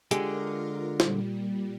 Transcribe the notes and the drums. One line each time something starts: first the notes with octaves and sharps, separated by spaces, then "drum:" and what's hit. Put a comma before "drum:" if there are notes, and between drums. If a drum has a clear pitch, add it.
D3 G#3 F4 G4 A#4, drum: hi-hat
A#2 G3, drum: snare